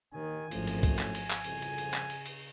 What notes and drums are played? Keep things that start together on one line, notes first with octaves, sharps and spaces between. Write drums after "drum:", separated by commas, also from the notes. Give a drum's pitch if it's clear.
D#2 D#3 G#5
G#1 F#2 A2 F3, drum: cymbal
drum: cymbal
drum: kick C2, cymbal
drum: clap
drum: cymbal
drum: clap
C2 F2 C#3, drum: cymbal
drum: cymbal
drum: cymbal
drum: clap
drum: cymbal
drum: cymbal